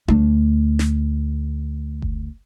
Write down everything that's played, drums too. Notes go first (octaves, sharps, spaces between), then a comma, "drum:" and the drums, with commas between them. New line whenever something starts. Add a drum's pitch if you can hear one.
D2 A3, drum: tom D4
drum: snare
drum: kick F#1